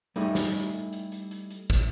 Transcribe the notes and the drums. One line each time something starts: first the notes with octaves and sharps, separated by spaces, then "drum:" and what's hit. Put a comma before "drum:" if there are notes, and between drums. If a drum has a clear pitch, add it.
G3 A3 D#4 E4 G#4, drum: hi-hat
drum: snare
drum: open hi-hat
drum: hi-hat
drum: hi-hat
drum: hi-hat
drum: hi-hat
drum: hi-hat
drum: kick, hi-hat